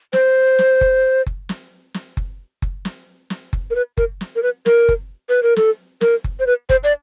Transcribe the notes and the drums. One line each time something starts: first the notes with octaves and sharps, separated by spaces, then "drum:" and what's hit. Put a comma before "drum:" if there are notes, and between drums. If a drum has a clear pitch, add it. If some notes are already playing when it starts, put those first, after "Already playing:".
C5, drum: snare
drum: snare
drum: kick F#1
drum: kick F#1
drum: snare
drum: snare
drum: kick F#1
drum: kick F#1
drum: snare
drum: snare
drum: kick F#1
A#4
B4
A#4, drum: kick F#1
drum: snare
A#4
B4
A#4, drum: snare
drum: kick F#1
B4
A#4
A4, drum: snare
A#4, drum: snare
drum: kick F#1
C5
B4
C5, drum: kick F#1
D5